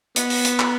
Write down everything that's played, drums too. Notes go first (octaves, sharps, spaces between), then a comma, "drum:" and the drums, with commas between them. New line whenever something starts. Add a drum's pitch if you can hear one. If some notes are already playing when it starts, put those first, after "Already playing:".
B3, drum: hi-hat
drum: open hi-hat
drum: hi-hat
drum: clap